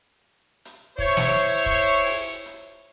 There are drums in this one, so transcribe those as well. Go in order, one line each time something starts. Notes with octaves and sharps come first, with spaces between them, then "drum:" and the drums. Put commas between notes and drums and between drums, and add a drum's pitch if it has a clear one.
drum: hi-hat
E4 C5 C#5, drum: kick
drum: snare
drum: kick
drum: open hi-hat
drum: hi-hat